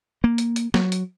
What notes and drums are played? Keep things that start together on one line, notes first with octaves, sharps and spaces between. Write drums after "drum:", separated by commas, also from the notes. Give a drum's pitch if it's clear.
A#3
drum: hi-hat
drum: hi-hat
F#3, drum: snare
drum: hi-hat